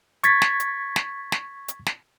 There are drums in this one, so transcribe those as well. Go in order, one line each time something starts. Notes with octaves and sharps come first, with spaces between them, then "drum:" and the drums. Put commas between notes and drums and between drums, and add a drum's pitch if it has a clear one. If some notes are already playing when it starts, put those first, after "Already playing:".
C#6 G#6 A6 B6, drum: hi-hat
drum: snare
drum: hi-hat
drum: snare
drum: snare
drum: hi-hat
drum: snare